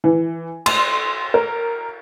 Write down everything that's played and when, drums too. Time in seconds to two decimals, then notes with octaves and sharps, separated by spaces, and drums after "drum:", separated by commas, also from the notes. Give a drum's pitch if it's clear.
0.04 E3
0.66 C6, drum: cymbal
1.34 A#4